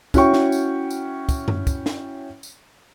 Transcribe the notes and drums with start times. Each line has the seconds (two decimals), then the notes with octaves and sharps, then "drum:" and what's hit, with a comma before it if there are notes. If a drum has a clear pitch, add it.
0.14 C#4 E4 F#4 C#5 G5 C#6, drum: kick, tambourine
0.33 drum: snare
0.52 drum: tambourine
0.90 drum: tambourine
1.29 drum: kick, tambourine
1.48 drum: tom
1.67 drum: kick, tambourine
1.86 drum: snare
2.43 drum: tambourine